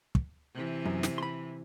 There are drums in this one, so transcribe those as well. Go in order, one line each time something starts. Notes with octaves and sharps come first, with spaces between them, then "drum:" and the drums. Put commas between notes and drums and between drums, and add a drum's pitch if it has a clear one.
drum: kick
C3 E3
F#2
drum: snare
B5 C6